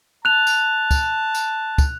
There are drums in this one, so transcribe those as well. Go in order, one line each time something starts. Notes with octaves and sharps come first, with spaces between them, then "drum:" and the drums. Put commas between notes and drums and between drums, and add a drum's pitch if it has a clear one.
A5 F#6 F7
drum: tambourine
drum: kick, tambourine
drum: tambourine
drum: kick, tambourine